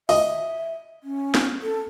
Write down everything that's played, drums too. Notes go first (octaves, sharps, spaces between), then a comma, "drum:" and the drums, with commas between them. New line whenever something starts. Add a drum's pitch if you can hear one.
D#5 E5, drum: open hi-hat
C#4
drum: snare
A4